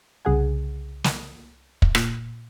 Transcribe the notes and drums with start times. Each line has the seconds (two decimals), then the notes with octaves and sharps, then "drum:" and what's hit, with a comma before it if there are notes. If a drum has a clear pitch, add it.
0.25 C2 C#3 G#4 F#5 G#5
1.04 drum: snare
1.82 drum: kick
1.95 A#2, drum: rim click